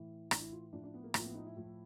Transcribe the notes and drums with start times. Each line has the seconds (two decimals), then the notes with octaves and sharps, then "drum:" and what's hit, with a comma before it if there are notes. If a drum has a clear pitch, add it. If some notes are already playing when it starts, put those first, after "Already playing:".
Already playing: A2 E3
0.31 A2 E3 D4, drum: rim click
0.41 E4
0.52 F4
0.73 A2 F3 D4
0.84 D4
0.94 B3
1.04 A#3
1.14 A2 F3 A#3, drum: rim click
1.25 B3
1.35 D#4
1.46 E4
1.57 A2 F3